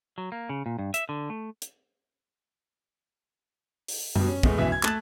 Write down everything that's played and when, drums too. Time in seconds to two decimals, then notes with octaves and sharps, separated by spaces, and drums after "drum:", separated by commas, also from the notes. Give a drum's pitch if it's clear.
0.18 F#3
0.32 A#3
0.49 C#3
0.66 A#2
0.79 G2
0.94 E5, drum: hi-hat
1.09 D3
1.30 A3
1.62 drum: hi-hat
3.88 drum: open hi-hat
4.16 G2 B2, drum: tom F#2
4.27 C#4
4.43 E2 A2 G#3 A3, drum: kick
4.58 B1 F#2 E3 E5
4.72 G#6
4.83 A3 A5 F#6 A6 E7, drum: clap